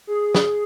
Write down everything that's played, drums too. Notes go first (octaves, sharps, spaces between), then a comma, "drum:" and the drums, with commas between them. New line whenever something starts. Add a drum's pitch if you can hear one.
G#4
drum: snare